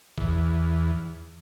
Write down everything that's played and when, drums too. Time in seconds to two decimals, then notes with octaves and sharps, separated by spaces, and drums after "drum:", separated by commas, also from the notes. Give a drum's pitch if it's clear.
0.18 E2, drum: kick